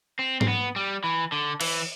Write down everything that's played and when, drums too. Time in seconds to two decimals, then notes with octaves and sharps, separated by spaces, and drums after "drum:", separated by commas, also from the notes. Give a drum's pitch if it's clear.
0.19 C4
0.41 C4, drum: tom G#2
0.48 B3
0.76 G3
1.04 E3
1.32 D3
1.61 E3, drum: cymbal